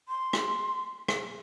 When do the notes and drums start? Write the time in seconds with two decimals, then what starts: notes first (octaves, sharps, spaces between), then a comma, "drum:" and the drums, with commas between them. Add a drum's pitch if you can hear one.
0.09 C6
0.33 drum: rim click
1.08 drum: rim click